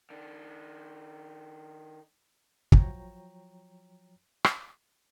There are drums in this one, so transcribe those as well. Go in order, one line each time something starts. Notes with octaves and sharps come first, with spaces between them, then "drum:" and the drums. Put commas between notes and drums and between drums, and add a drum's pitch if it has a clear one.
D#3 D4
F3 F#3 C#5 G5 A#5, drum: kick
drum: rim click